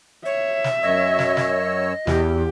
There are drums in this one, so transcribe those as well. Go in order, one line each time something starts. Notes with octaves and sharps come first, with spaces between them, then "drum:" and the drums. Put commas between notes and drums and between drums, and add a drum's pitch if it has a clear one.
C#5 E5
drum: snare
F#2 C#5 D#5 E6
drum: snare
drum: snare
E2 G4, drum: snare